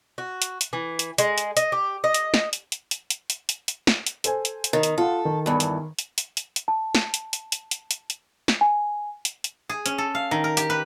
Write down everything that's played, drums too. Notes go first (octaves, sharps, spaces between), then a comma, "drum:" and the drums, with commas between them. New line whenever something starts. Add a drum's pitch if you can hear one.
F#4
drum: hi-hat
drum: hi-hat
E3
drum: hi-hat
G#3, drum: hi-hat
drum: hi-hat
D#5, drum: hi-hat
G4
D#5
drum: hi-hat
drum: snare
drum: hi-hat
drum: hi-hat
drum: hi-hat
drum: hi-hat
drum: hi-hat
drum: hi-hat
drum: hi-hat
drum: snare
drum: hi-hat
A4 C5 G#5, drum: hi-hat
drum: hi-hat
drum: hi-hat
D#3
drum: hi-hat
F4 A4 F#5
D#3
E2 G2
drum: hi-hat
drum: hi-hat
drum: hi-hat
drum: hi-hat
drum: hi-hat
A5
drum: snare
drum: hi-hat
drum: hi-hat
drum: hi-hat
drum: hi-hat
drum: hi-hat
drum: hi-hat
drum: snare
G#5
drum: hi-hat
drum: hi-hat
G#4
C#4, drum: hi-hat
A4
F5
D#3
A#4
G4, drum: hi-hat
B4